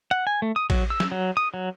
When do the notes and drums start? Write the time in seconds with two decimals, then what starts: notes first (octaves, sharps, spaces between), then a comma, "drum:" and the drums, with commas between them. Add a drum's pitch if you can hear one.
0.11 F#5
0.27 G#5
0.42 A3
0.56 D#6
0.70 F#3, drum: kick A1, cymbal
0.90 E6
1.00 drum: snare
1.12 F#3
1.37 D#6
1.54 F#3